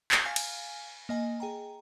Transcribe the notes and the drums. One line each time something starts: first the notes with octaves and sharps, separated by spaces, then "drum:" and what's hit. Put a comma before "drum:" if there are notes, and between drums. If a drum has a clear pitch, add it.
drum: clap
F5 G#5 F6
drum: cymbal
A#3 D#5 G#5
G#4 G5 A#5